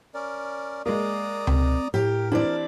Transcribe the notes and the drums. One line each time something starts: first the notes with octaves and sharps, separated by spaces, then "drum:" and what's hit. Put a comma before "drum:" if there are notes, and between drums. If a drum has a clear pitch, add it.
C#4 A#4 D5
G#3 A#3 D5 A#5 D#6
C4, drum: tom C#2
A2 G4 A#4
E3 C4 D4 E4 D5